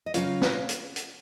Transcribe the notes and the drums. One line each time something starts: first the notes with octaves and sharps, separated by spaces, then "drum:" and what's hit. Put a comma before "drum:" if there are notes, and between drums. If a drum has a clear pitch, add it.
D#5
C#3 F#3 C#4 F4 C#5 F5, drum: hi-hat
drum: snare
drum: hi-hat
drum: hi-hat